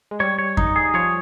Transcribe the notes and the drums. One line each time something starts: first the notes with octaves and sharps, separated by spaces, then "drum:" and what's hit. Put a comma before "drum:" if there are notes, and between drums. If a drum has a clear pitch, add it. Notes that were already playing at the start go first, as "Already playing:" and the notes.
G#3
G3 C#5
C#5
D#4, drum: kick F2
G#4
F3 C#5